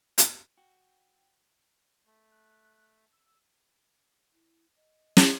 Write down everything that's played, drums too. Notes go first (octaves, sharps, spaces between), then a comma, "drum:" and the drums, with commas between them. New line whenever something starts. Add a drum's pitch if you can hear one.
drum: hi-hat
F#4 G5
A3
F#6
E6
E4
D#5
drum: snare